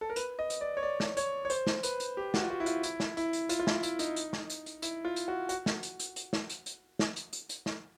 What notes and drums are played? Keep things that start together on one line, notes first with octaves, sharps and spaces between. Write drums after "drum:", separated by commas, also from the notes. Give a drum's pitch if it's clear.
A4
A#4
B4, drum: hi-hat
D#5
drum: hi-hat
D5
C#5
D5
drum: snare
C#5, drum: hi-hat
C#5
C5, drum: hi-hat
drum: snare
B4, drum: hi-hat
drum: hi-hat
G4
F#4, drum: snare
F4
F#4
E4
F4, drum: hi-hat
E4, drum: hi-hat
drum: snare
E4, drum: hi-hat
drum: hi-hat
F4, drum: hi-hat
F4
E4, drum: snare
E4, drum: hi-hat
D#4, drum: hi-hat
drum: hi-hat
drum: snare
drum: hi-hat
drum: hi-hat
E4, drum: hi-hat
F4
drum: hi-hat
F#4
F#4, drum: hi-hat
drum: snare
drum: hi-hat
drum: hi-hat
drum: hi-hat
drum: snare
drum: hi-hat
drum: hi-hat
drum: snare
drum: hi-hat
drum: hi-hat
drum: hi-hat
drum: snare